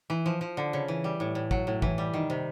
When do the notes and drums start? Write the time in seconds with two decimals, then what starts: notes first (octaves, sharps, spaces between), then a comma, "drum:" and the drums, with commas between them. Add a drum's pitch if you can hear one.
0.10 E3
0.26 F3
0.41 F3
0.57 D3
0.73 C#3
0.88 E3
1.04 G3
1.20 A2
1.35 A2
1.51 F#3, drum: kick
1.67 A2
1.82 E3, drum: kick
1.98 G3
2.14 D#3
2.30 C3